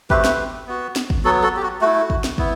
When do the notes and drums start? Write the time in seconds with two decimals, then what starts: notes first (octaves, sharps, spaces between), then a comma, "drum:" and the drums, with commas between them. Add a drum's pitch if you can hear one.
0.10 A3 C4 F#4 G4 B4, drum: kick
0.25 drum: snare
0.67 B3 F#4
0.96 drum: snare
1.10 drum: kick
1.24 F#3 B3 F#4 A4
1.43 F#4 A4
1.57 G4
1.63 F#4
1.81 A3 E4 F#4
2.10 drum: kick
2.24 drum: snare
2.38 B3 E4, drum: kick